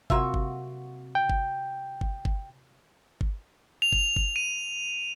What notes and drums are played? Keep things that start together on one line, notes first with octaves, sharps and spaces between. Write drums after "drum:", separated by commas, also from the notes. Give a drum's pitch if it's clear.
C3 A#3 F4 F#4 E5, drum: kick G1
drum: kick G1
G5
drum: kick G1
drum: kick G1
drum: kick G1
drum: kick G1
F7
drum: kick G1
drum: kick G1
D#7